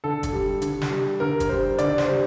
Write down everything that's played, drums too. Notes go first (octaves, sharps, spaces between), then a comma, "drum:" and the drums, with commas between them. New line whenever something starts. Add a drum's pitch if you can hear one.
D3 A4
drum: kick, hi-hat
G3
D3, drum: hi-hat
drum: snare
G3
D3 A#4
drum: kick, hi-hat
G3 C5
D3 D5, drum: hi-hat
C5, drum: snare
G3